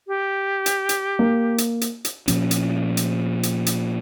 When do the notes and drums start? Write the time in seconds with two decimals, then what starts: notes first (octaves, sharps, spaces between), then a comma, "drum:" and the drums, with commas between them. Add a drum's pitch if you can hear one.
0.07 G4
0.66 drum: hi-hat
0.89 drum: hi-hat
1.19 A#3
1.58 drum: hi-hat
1.81 drum: hi-hat
2.05 drum: hi-hat
2.28 A#2 F3 C#4, drum: hi-hat
2.51 drum: hi-hat
2.97 drum: hi-hat
3.43 drum: hi-hat
3.66 drum: hi-hat